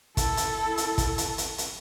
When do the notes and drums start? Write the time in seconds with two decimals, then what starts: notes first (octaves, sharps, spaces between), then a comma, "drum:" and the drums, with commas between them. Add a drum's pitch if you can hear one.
0.17 E4 A4, drum: kick, hi-hat
0.37 drum: hi-hat
0.78 drum: hi-hat
0.98 drum: kick, hi-hat
1.18 drum: hi-hat
1.38 drum: hi-hat
1.58 drum: hi-hat